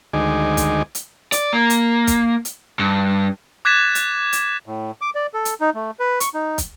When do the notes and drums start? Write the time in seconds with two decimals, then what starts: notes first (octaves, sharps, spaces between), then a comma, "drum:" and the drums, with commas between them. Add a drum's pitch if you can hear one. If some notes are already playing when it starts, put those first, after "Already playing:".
0.13 D2 D#3 G#3 D#4 G#5 D6
0.57 drum: kick, hi-hat
0.95 drum: hi-hat
1.32 D5, drum: hi-hat
1.53 A#3
1.70 drum: hi-hat
2.07 drum: kick, hi-hat
2.45 drum: hi-hat
2.79 G2
3.65 D6 F#6 G#6 A6 B6 E7
3.95 drum: hi-hat
4.33 drum: hi-hat
4.66 A2
5.01 D6
5.15 D5
5.34 A4
5.45 drum: hi-hat
5.61 D#4
5.74 A3
6.00 B4
6.20 C#6, drum: hi-hat
6.34 D#4
6.58 drum: kick, hi-hat